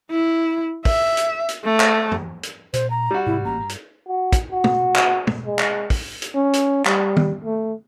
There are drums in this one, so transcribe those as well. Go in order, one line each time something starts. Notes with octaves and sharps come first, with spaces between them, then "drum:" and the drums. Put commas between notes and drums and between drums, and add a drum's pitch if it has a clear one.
E4
E5, drum: kick, open hi-hat
drum: hi-hat
drum: hi-hat
A3
drum: clap
drum: tom
drum: hi-hat
A#2 C5, drum: hi-hat
A#5
G3 F#4
G#2 C3 E4
A1 A#3 C#4 A#5
G2
drum: hi-hat
F#4
drum: kick, hi-hat
F#4
drum: tom
drum: clap
drum: tom
G#3
drum: clap
drum: kick, open hi-hat
drum: hi-hat
C#4
drum: hi-hat
G3, drum: clap
drum: tom
A3